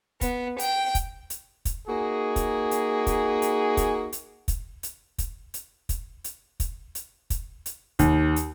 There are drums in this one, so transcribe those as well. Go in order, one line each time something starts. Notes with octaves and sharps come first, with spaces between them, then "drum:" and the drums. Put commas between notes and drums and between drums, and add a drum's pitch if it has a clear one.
B3, drum: kick, hi-hat
G5, drum: hi-hat
drum: kick, hi-hat
drum: hi-hat
drum: kick, hi-hat
A#3 D#4 F#4 G#4
drum: kick, hi-hat
drum: hi-hat
drum: kick, hi-hat
drum: hi-hat
drum: kick, hi-hat
drum: hi-hat
drum: kick, hi-hat
drum: hi-hat
drum: kick, hi-hat
drum: hi-hat
drum: kick, hi-hat
drum: hi-hat
drum: kick, hi-hat
drum: hi-hat
drum: kick, hi-hat
drum: hi-hat
D#2, drum: kick, hi-hat
drum: hi-hat